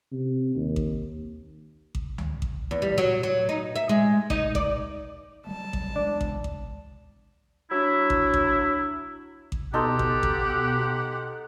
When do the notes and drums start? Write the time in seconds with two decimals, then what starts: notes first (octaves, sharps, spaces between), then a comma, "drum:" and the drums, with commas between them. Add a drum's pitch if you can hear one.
0.12 C3
0.55 D#2
0.76 drum: kick A1
1.95 drum: kick A1
2.18 drum: tom C#2
2.42 drum: kick A1
2.71 E2
2.82 G3
2.98 F#3
3.23 F#3
3.49 D#4
3.76 E5
3.89 G#3
4.30 D#4, drum: kick A1
4.55 D5, drum: kick A1
5.47 F#3 G3 A3 A5
5.73 drum: kick A1
5.96 E3 G#3 D4
6.21 drum: kick A1
6.44 drum: kick A1
7.71 F#3 D4 E4
8.10 drum: kick A1
8.34 drum: kick A1
9.52 drum: kick A1
9.74 B2 D#4 G4 A4 C5 F#5
9.99 drum: kick A1
10.23 drum: kick A1